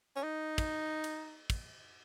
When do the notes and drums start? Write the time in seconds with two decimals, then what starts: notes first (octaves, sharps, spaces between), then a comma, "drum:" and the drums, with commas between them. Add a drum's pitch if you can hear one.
0.16 C#4
0.23 D#4
0.58 drum: kick, cymbal
1.04 drum: cymbal
1.50 drum: kick, cymbal